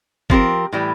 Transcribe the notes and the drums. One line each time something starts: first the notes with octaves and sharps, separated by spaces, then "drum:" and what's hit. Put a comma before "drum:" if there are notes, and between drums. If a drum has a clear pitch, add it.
F3 C4 G4 A#4, drum: kick G1
A2 E3 G3